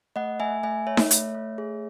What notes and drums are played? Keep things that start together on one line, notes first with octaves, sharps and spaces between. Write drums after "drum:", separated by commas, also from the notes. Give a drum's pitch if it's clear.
A3 D#5 F#5
A3 E5 G#5
A3 E5 G#5
A3 C#5 E5
drum: snare D#4
A3, drum: hi-hat
A3
G#4